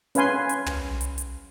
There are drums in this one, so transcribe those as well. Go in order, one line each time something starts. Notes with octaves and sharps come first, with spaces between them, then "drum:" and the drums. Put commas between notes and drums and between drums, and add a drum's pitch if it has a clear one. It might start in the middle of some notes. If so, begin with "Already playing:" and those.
C#4 B4 F5 G#5 C6, drum: hi-hat
drum: hi-hat
drum: tom
drum: hi-hat
drum: hi-hat